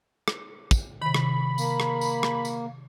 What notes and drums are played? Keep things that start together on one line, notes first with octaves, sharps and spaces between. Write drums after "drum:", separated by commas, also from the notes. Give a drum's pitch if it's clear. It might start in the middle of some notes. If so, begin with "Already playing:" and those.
drum: rim click
drum: kick, tambourine
C3 D#3 B5
drum: rim click
A#3, drum: tambourine
drum: rim click
drum: tambourine
drum: rim click
drum: tambourine